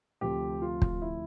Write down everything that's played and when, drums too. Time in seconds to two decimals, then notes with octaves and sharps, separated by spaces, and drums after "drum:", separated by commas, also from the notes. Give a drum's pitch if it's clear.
0.21 D2 C3 F3 G4
0.62 F4
0.82 drum: kick
1.02 E4